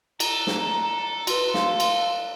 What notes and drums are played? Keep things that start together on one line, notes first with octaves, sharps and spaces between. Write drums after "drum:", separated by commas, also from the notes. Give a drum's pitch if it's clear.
A4 A#5, drum: cymbal
drum: snare
F#4 B4 C6, drum: cymbal
F5, drum: snare
drum: cymbal